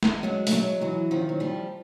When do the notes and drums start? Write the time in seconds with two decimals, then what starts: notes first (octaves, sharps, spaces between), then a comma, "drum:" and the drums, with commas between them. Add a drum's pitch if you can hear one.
0.03 drum: snare
0.23 F#3 G#3
0.47 A3, drum: open hi-hat
0.52 F#3 G#3
0.81 E3 F#3
1.11 D#3 F3
1.29 F#3
1.40 F3 G3